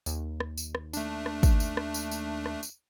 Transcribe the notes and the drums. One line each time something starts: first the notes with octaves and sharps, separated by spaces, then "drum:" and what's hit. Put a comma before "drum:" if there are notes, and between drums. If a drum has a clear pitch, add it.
D#2, drum: tambourine
drum: rim click
drum: tambourine
drum: rim click
A3 D4, drum: tambourine
drum: rim click
drum: kick, tambourine
drum: tambourine
drum: rim click
drum: tambourine
drum: tambourine
drum: rim click
drum: tambourine